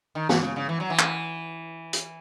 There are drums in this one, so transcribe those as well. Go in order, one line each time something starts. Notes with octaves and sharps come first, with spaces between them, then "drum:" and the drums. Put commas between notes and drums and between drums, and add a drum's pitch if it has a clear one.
D#3
E3, drum: snare
C#3
C#3
E3
F#3
E3
drum: clap
drum: hi-hat